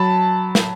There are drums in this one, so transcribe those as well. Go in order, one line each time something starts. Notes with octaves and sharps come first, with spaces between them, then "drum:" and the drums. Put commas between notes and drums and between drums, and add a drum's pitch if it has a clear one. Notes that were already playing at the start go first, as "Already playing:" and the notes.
Already playing: F#3 A5 B5
drum: snare